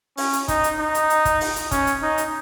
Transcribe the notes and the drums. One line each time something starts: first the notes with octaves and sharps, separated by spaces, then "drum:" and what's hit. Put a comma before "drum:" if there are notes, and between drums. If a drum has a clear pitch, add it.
C#4, drum: open hi-hat
drum: hi-hat
D#4, drum: kick, hi-hat
drum: hi-hat
D#4
drum: hi-hat
drum: hi-hat
drum: kick, hi-hat
drum: open hi-hat
drum: hi-hat
C#4, drum: kick, hi-hat
drum: hi-hat
D#4
drum: hi-hat